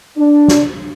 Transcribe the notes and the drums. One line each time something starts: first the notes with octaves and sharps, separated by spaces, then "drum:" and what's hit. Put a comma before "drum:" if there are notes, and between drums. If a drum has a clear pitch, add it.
D4
drum: snare